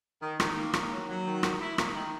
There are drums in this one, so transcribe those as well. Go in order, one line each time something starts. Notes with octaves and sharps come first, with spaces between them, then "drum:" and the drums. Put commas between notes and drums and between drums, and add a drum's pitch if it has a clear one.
D#3
D#3, drum: rim click
A#3
D#3, drum: rim click
F#3
F#3
D#3
D#3, drum: rim click
E4
A#3, drum: rim click
D#3